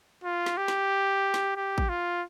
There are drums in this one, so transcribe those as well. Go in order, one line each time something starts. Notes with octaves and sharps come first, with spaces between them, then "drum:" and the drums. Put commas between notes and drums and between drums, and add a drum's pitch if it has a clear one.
F4
drum: snare
G4
drum: snare
drum: snare
G4
drum: kick A1
F4